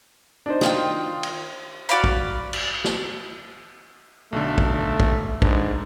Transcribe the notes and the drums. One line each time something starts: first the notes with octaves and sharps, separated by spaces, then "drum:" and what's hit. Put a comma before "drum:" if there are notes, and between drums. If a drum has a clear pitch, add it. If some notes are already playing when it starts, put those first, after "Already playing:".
D4 D#4 C5
D#3 F4 G5, drum: snare
drum: cymbal
F#4 D5 F5 B5, drum: hi-hat
drum: kick
drum: cymbal
drum: snare
B1 D3 A3
drum: kick
drum: kick
G#2 D4, drum: kick